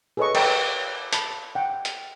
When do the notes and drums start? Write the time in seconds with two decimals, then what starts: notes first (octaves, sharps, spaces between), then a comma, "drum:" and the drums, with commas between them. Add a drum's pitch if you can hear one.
0.17 G#4 A4 B4 C#5 D#5 C#6
0.35 A#4 B4 G5, drum: cymbal
1.13 A5 B5, drum: hi-hat
1.55 F#5 G5
1.85 drum: hi-hat